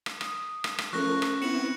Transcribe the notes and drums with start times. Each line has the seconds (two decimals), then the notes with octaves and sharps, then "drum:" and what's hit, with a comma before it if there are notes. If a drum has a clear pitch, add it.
0.06 drum: rim click
0.21 D#6, drum: rim click
0.64 drum: rim click
0.78 drum: rim click
0.93 F3 A3 C#4 A#4 C#6 F#6 A#6
1.22 drum: rim click
1.42 B3 C4 E4 C#7 E7 F#7